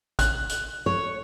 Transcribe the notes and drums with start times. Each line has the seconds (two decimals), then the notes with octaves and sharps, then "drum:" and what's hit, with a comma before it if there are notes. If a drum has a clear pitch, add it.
0.19 F#6, drum: kick A1, hi-hat
0.49 drum: hi-hat
0.86 C#5